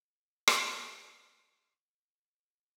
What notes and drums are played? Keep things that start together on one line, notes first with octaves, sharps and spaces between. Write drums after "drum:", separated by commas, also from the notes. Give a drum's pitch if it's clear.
drum: rim click
F#3 G#3 A5 C7
E2 C#3 F3 G#5
A#3 F4 A#4 F#5 C#6
A3 F4 G4
F#3 G3 F4 F#4 F#5